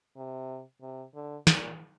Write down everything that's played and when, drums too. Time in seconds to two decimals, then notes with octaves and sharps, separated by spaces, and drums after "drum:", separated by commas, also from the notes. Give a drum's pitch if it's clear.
0.17 C3
0.81 C3
1.14 D3
1.47 A#2, drum: snare